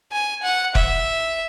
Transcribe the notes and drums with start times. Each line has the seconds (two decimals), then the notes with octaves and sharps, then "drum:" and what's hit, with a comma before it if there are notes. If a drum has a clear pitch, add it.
0.12 G#5
0.43 F#5
0.75 E5, drum: kick F1